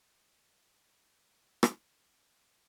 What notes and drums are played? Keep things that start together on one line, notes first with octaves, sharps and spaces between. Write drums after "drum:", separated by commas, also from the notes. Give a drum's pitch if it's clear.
G#4
D#3 B4
drum: rim click
F3 A3 G4 A4
D#4 A4 C5